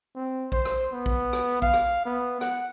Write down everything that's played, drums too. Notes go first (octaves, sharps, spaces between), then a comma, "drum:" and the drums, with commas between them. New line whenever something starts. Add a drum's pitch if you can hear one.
C4
C5, drum: kick A#1
drum: rim click
B3
drum: kick A#1
drum: rim click
F5, drum: kick A#1
drum: rim click
B3
F#5, drum: rim click